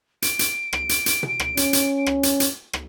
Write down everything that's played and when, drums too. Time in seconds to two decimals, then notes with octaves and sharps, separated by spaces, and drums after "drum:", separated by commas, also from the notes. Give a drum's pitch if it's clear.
0.22 D7, drum: hi-hat
0.39 drum: hi-hat
0.73 drum: rim click
0.89 drum: hi-hat
1.06 drum: hi-hat
1.23 drum: tom B2
1.40 drum: rim click
1.57 C#4, drum: hi-hat
1.73 drum: hi-hat
2.06 drum: rim click
2.23 drum: hi-hat
2.40 drum: hi-hat
2.73 drum: rim click